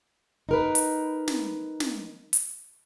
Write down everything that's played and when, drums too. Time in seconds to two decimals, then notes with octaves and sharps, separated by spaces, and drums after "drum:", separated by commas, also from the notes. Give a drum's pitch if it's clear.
0.49 D#4 A#4 B4
0.75 drum: hi-hat
1.28 drum: snare
1.80 drum: snare
2.33 drum: hi-hat